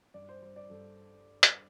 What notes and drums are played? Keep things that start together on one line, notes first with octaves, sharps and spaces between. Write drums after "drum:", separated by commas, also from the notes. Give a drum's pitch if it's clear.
G2 D5
C5
G3 C5
D5
G2 A4
drum: hi-hat